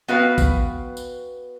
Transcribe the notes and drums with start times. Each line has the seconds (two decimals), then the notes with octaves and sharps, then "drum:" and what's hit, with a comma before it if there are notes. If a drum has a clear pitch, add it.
0.08 B3 F#4 B4 F5 G5
0.38 drum: kick A1, tambourine
0.97 drum: tambourine